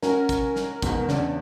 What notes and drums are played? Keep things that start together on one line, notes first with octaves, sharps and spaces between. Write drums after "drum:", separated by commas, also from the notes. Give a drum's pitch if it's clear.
C#4 F#4 A#4, drum: snare
drum: kick, hi-hat
drum: snare
E2 G#2 B2, drum: kick, hi-hat
E2 C#3 D4, drum: snare